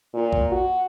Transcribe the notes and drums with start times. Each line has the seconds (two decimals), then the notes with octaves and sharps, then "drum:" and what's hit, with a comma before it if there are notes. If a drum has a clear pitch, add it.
0.14 A#2
0.33 drum: kick A1
0.51 F#4